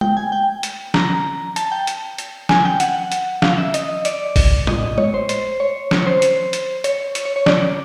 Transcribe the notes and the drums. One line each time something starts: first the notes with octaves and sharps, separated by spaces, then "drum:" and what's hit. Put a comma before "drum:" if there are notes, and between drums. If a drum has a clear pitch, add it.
G5, drum: tom G#3
G#5
G5
drum: hi-hat
A#5, drum: snare
A5, drum: hi-hat
G5
drum: hi-hat
drum: hi-hat
G#5, drum: snare
G5
F#5, drum: hi-hat
drum: hi-hat
F5, drum: snare
E5
D#5, drum: hi-hat
D5, drum: hi-hat
drum: kick, open hi-hat
D#5, drum: tom A2
C#5, drum: tom G#3
C5
C5, drum: hi-hat
C#5
C#5, drum: snare
C5
drum: hi-hat
drum: hi-hat
C#5, drum: hi-hat
C#5, drum: hi-hat
C#5
C#5
D5, drum: snare